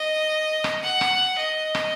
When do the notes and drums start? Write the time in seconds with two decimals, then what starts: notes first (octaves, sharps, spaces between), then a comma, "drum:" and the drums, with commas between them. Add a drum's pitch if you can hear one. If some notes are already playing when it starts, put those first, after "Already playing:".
Already playing: D#5
0.64 drum: rim click
0.83 F#5
1.01 drum: rim click
1.38 D#5
1.75 drum: rim click